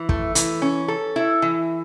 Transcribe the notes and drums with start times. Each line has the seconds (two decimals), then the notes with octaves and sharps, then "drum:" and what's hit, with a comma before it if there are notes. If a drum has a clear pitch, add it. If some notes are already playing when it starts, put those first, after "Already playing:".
Already playing: E3
0.09 A3, drum: kick
0.35 E3, drum: hi-hat
0.62 C#4
0.88 A4
1.16 E4
1.42 E3